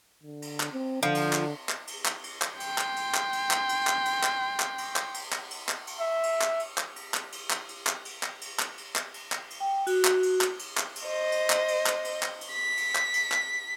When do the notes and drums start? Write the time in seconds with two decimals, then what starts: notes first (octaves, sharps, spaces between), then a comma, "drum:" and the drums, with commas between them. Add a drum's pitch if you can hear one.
0.23 D3
0.42 drum: cymbal
0.60 drum: clap
0.72 C4
1.03 D3 F3
1.15 drum: cymbal
1.33 drum: clap
1.69 drum: clap
1.87 drum: cymbal
2.05 drum: clap
2.24 drum: cymbal
2.42 drum: clap
2.60 G5 C6, drum: cymbal
2.78 drum: clap
2.96 drum: cymbal
3.14 drum: clap
3.33 drum: cymbal
3.51 drum: clap
3.69 drum: cymbal
3.87 drum: clap
4.05 drum: cymbal
4.23 drum: clap
4.60 drum: clap
4.78 drum: cymbal
4.96 drum: clap
5.14 drum: cymbal
5.32 drum: clap
5.51 drum: cymbal
5.69 drum: clap
5.87 drum: cymbal
6.00 E5
6.23 drum: cymbal
6.41 drum: clap
6.60 drum: cymbal
6.78 drum: clap
6.96 drum: cymbal
7.14 drum: clap
7.32 drum: cymbal
7.50 drum: clap
7.69 drum: cymbal
7.87 drum: clap
8.05 drum: cymbal
8.23 drum: clap
8.41 drum: cymbal
8.59 drum: clap
8.78 drum: cymbal
8.96 drum: clap
9.14 drum: cymbal
9.32 drum: clap
9.50 drum: cymbal
9.60 G5
9.87 F#4, drum: cymbal
10.05 drum: clap
10.23 drum: cymbal
10.41 drum: clap
10.59 drum: cymbal
10.77 drum: clap
10.96 drum: cymbal
11.07 C5 D#5
11.32 drum: cymbal
11.50 drum: clap
11.68 drum: cymbal
11.86 drum: clap
12.05 drum: cymbal
12.23 drum: clap
12.41 drum: cymbal
12.52 B6
12.77 drum: cymbal
12.95 drum: clap
13.14 drum: cymbal
13.32 drum: clap